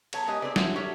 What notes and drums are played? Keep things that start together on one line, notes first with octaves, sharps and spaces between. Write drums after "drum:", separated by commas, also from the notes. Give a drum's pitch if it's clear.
F#3 B3 C#5 A5, drum: cymbal
G#3 B3 G4 G#4 A#4 D#5
C4 F4 G#4 B4 D5
G#3 E4 F#4, drum: snare
F#4 G4 A4 A#4 C#5 E5